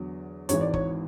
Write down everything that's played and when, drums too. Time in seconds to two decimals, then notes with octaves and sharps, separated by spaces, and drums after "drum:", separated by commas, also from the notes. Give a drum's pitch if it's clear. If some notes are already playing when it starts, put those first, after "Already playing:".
Already playing: E2 D3 F#3
0.49 G#1 G#2 E3 C#5, drum: hi-hat
0.61 D5
0.74 C#5, drum: kick